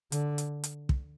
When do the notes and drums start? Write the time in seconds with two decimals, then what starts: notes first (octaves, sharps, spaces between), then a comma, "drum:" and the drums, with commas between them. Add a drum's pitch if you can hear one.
0.12 D3, drum: hi-hat
0.38 drum: hi-hat
0.64 drum: hi-hat
0.89 drum: kick